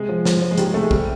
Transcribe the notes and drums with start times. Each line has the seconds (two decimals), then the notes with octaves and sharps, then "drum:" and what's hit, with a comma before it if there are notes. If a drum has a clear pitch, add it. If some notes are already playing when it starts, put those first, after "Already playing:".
Already playing: C3 G#3
0.09 F3
0.25 F3, drum: snare
0.42 F3
0.51 G#3
0.58 D#3 G3, drum: hi-hat
0.66 G#3
0.74 C3 A3
0.83 G#3
0.91 C3 G3, drum: kick